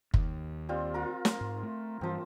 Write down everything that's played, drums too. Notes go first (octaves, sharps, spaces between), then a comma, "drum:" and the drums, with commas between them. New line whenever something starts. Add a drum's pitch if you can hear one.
D#2, drum: kick
G3 C4 F4
F4 A#4
drum: snare
G#2
A3
G2 E3 F3 C4